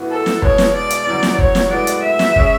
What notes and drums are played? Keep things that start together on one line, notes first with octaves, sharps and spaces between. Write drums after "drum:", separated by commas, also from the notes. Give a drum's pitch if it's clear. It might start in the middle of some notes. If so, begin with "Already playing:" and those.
Already playing: A2 E3 B3 F#4
A4
drum: snare
E2 B2 G#3 C#5, drum: kick
drum: snare
D5
drum: hi-hat
E2 C#3 F#3
drum: snare
C#5, drum: kick
drum: snare
A2 G#3 B3 F#4 D5
drum: hi-hat
E5
drum: snare
C#3 G#3 C#4 G#4, drum: kick